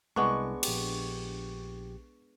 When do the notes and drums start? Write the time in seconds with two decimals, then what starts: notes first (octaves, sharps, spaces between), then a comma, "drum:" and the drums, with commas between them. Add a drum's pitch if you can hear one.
0.16 C2 G#3 B3 D4 C#6
0.63 A#1 G4, drum: cymbal